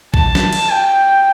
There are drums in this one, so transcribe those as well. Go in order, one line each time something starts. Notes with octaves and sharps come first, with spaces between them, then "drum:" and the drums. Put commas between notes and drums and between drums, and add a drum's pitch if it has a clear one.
A5, drum: kick
drum: snare
drum: cymbal
G5